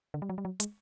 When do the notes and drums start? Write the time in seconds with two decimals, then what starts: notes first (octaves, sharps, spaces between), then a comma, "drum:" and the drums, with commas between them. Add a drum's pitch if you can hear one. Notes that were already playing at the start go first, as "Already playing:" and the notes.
0.14 D3
0.22 G3
0.29 F#3
0.38 G3
0.45 F#3
0.60 G#3, drum: hi-hat